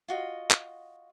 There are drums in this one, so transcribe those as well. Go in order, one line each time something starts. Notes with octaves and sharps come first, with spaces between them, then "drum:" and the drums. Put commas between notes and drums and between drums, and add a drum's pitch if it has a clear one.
F4 F#4 D#5
drum: clap